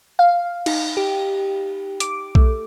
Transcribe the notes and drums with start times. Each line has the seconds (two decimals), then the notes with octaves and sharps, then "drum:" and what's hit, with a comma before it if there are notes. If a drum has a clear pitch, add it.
0.19 F5
0.66 D#4, drum: cymbal
0.97 G4
2.00 D6, drum: hi-hat
2.35 A3, drum: kick B1